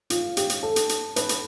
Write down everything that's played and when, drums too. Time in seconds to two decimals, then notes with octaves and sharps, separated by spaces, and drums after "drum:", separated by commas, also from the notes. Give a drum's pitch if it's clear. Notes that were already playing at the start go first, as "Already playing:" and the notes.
0.10 F4, drum: hi-hat
0.37 G4, drum: hi-hat
0.50 drum: hi-hat
0.63 A4
0.76 drum: hi-hat
0.89 drum: hi-hat
1.16 B4, drum: hi-hat
1.29 drum: hi-hat